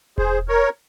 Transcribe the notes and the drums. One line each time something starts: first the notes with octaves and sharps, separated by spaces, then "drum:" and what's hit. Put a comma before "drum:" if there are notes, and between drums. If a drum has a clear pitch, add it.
G#4 C5, drum: kick E1
A#4 C#5